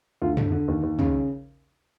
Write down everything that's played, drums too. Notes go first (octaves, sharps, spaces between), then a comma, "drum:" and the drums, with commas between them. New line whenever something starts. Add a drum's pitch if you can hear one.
D2 F4
D3, drum: tom
D3
D#2
D#2
C#3, drum: tom